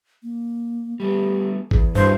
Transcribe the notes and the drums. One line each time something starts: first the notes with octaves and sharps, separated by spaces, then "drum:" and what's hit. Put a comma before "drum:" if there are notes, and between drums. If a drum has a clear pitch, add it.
A#3
G3 A3 B3 G4
E2 G#4, drum: kick G#1
G2 G3 E4 F#4 C5